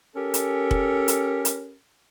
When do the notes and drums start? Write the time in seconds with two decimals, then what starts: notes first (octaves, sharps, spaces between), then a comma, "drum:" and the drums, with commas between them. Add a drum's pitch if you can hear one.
0.15 C#4 G4 A4 A#4
0.34 drum: hi-hat
0.71 drum: kick F1
1.08 drum: hi-hat
1.45 drum: hi-hat